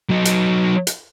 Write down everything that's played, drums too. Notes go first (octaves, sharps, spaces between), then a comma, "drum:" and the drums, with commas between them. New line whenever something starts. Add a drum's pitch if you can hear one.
F#3 D#4
drum: hi-hat
drum: hi-hat